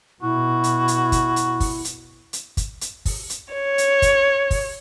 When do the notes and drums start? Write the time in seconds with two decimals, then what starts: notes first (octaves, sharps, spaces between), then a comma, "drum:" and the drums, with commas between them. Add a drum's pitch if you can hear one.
0.22 B2 E4 F#4
0.64 drum: hi-hat
0.88 drum: hi-hat
1.12 drum: kick, hi-hat
1.36 drum: hi-hat
1.60 drum: kick, open hi-hat
1.85 drum: hi-hat
2.33 drum: hi-hat
2.57 drum: kick, hi-hat
2.81 drum: hi-hat
3.05 drum: kick, open hi-hat
3.30 drum: hi-hat
3.54 C#5
3.78 drum: hi-hat
4.02 drum: kick, hi-hat
4.51 drum: kick, open hi-hat